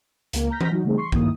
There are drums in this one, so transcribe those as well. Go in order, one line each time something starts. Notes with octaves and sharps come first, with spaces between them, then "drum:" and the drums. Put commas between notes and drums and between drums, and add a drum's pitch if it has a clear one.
C#2 A#3, drum: hi-hat
A#5 F6 G6 A#6 B6
drum: tom E3
F#3 D#4 F#4
C#3 G3 A3 C4 D#4 G#4
C6 C#6 C7
D2 G2 D#3 A#3 E4 D#6, drum: kick